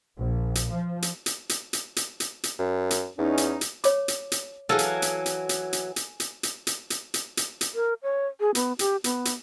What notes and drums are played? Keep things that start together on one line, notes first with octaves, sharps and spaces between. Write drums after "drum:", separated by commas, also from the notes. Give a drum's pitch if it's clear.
A#1
drum: hi-hat
F3
drum: hi-hat
drum: hi-hat
drum: hi-hat
drum: hi-hat
drum: hi-hat
drum: hi-hat
drum: hi-hat
F#2
drum: hi-hat
E2 C#4 D#4
drum: hi-hat
drum: hi-hat
C#5 D6, drum: hi-hat
drum: hi-hat
drum: hi-hat
E3 F#3 G#4 A4 F5
drum: hi-hat
drum: hi-hat
drum: hi-hat
drum: hi-hat
drum: hi-hat
drum: hi-hat
drum: hi-hat
drum: hi-hat
drum: hi-hat
drum: hi-hat
drum: hi-hat
drum: hi-hat
drum: hi-hat
A#4
C#5
G#4
B3, drum: hi-hat
G4, drum: hi-hat
B3, drum: hi-hat
drum: hi-hat